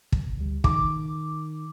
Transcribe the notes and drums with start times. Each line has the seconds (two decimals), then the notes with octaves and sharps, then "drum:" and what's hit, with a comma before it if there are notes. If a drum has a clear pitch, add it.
0.12 drum: kick
0.37 D2 G3
0.64 D#3 D6, drum: kick